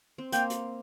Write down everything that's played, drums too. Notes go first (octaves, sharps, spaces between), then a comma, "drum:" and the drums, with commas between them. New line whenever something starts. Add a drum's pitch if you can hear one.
C4
A#3 G5, drum: hi-hat
drum: hi-hat